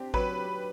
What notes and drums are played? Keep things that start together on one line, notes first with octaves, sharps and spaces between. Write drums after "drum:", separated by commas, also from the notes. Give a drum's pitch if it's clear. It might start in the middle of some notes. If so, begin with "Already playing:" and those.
Already playing: C4 D4 G4
F#3 B4, drum: kick A1